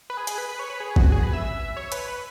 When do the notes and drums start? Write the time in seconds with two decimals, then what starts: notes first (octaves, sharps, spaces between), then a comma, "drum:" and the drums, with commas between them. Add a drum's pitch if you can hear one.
0.10 B4
0.17 G#4
0.27 G#4, drum: hi-hat
0.38 B4
0.49 B4
0.59 C#5
0.70 B4
0.80 G#4
0.96 F#4, drum: kick
1.12 G#4
1.23 B4
1.33 E5
1.77 C#5
1.92 B4, drum: hi-hat
2.08 B4